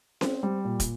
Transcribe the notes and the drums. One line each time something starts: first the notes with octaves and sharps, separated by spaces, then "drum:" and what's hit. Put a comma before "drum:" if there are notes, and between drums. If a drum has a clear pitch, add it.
C4, drum: snare C#4
G3
A#2
drum: kick, hi-hat